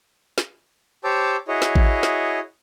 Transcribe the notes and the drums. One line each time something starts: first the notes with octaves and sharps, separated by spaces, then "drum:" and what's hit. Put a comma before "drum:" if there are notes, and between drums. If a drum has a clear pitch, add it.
drum: snare
G4 C5 C#5 A5 D6 E6
E4 F#4 G#4 C#5 D#5
drum: snare
drum: kick A1
drum: snare